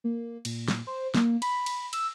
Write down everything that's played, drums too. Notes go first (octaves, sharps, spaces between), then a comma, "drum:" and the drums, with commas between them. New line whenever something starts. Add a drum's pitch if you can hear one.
A#3
A#2, drum: cymbal
drum: snare
C5
A#3, drum: snare
B5, drum: cymbal
drum: cymbal
E6, drum: cymbal